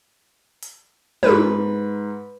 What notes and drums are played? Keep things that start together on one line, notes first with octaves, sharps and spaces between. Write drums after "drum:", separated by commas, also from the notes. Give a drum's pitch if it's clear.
drum: hi-hat
G#2 B4, drum: tom